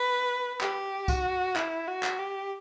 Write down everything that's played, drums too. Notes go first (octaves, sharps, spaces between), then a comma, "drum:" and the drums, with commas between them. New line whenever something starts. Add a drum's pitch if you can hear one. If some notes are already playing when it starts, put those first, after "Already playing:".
Already playing: B4
G4, drum: clap
F#4, drum: kick, tambourine
E4, drum: clap
F#4
drum: clap
G4